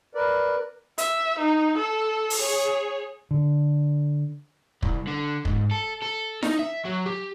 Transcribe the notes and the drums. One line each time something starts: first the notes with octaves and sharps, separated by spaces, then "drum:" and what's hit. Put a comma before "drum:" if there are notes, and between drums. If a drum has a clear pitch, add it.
A#4 B4 D5
E5, drum: hi-hat
D#4
A4
drum: open hi-hat
G#4 C#5
D3
C2, drum: kick
D3
G#2, drum: kick
A4
A4
D#4, drum: snare E4
E5
F#3
G4